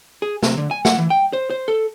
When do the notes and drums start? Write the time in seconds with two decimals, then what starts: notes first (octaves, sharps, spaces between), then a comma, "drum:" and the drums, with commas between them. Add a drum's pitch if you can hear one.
0.22 G#4
0.43 C3, drum: snare
0.57 D3
0.71 G#5
0.85 F#5, drum: snare
0.98 E3
1.10 G5
1.33 C5
1.50 C5
1.68 A4